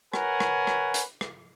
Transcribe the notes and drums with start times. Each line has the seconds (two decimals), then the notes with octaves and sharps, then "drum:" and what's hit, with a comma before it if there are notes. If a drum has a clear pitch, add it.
0.14 A#4 B4 C#5 F#5 G#5, drum: rim click
0.40 drum: rim click
0.67 drum: rim click
0.94 drum: hi-hat
1.21 drum: rim click